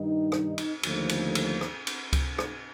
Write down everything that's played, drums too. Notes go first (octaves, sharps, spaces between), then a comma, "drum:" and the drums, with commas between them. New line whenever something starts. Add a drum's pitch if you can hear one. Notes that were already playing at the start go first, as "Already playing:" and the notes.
Already playing: G2 D#3 G3 D#4
drum: rim click
drum: cymbal
D#2 D3 F3 A3, drum: cymbal
drum: cymbal
drum: cymbal
drum: rim click
drum: cymbal
drum: kick C#2, cymbal
drum: rim click